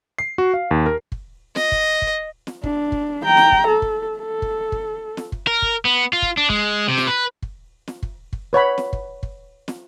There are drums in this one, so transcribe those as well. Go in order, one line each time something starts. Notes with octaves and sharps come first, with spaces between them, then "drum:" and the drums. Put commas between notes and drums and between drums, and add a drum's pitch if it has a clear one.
C7
F#4
F5
D#2
A#4
drum: kick
D#5, drum: snare
drum: kick
drum: kick
drum: snare
D4, drum: kick
drum: kick
G5 A#5
drum: snare
drum: kick
A4
drum: kick
A4
drum: kick
drum: kick
drum: snare
drum: kick
A#4
drum: kick
B3
F4
drum: kick
D4
G#3, drum: kick
C3
drum: snare
B4
drum: kick
drum: snare
drum: kick
drum: kick
B4 C#5 F#5 B5
drum: snare
drum: kick
drum: kick
drum: snare